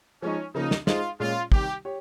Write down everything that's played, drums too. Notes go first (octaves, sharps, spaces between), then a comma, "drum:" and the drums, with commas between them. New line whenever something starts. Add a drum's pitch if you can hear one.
F3 G#3 C#4 D#4
C#3 F3 A#3 D#4
drum: snare
G#3 D#4 F4 G#4 C5 D#5, drum: snare
A#2 G#3 C#4 F4 G#4
C3 D#3 G3 G4, drum: kick
G4 C#5